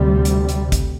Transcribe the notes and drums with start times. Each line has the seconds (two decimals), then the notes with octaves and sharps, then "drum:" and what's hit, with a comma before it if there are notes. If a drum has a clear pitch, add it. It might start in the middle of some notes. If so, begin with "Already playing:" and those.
Already playing: D2 C3 G3
0.25 drum: hi-hat
0.49 drum: hi-hat
0.72 drum: kick, hi-hat